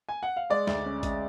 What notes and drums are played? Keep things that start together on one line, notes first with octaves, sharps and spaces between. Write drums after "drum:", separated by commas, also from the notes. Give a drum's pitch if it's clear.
G#5
F#5
F5
G#3 D5
D2, drum: snare
C#4
G#3, drum: kick A1, hi-hat